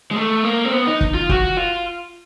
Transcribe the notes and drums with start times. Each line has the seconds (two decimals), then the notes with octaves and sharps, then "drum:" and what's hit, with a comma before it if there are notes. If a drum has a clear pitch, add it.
0.11 G#3
0.16 A3
0.44 A#3
0.65 C4
0.73 B3
0.87 D#4
1.01 drum: kick
1.14 F4
1.29 F#4, drum: kick
1.57 F4